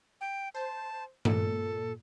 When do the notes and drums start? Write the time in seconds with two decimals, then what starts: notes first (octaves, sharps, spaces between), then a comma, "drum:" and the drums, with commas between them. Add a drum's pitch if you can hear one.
0.21 G5
0.54 C5 A5
1.25 A#2 A4, drum: tom G2